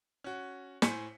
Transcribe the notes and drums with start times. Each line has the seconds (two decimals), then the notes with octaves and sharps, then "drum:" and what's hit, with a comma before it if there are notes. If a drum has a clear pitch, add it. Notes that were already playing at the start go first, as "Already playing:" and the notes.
0.24 C#4 F#4
0.82 A2 C5 G#5 B6 C#7, drum: snare